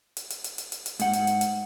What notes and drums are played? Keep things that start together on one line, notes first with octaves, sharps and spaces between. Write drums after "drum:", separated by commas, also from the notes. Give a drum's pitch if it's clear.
drum: hi-hat
drum: hi-hat
drum: hi-hat
drum: hi-hat
drum: hi-hat
drum: hi-hat
G#2 F#5, drum: hi-hat
drum: hi-hat
drum: hi-hat
drum: hi-hat